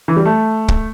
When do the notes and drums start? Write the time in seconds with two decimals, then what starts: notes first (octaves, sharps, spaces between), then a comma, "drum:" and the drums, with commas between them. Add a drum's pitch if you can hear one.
0.08 E3
0.17 G3
0.25 A3
0.68 drum: kick